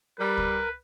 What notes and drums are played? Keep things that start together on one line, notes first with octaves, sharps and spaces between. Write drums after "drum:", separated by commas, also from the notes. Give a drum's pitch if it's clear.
G3 A#4 B4
drum: kick C#2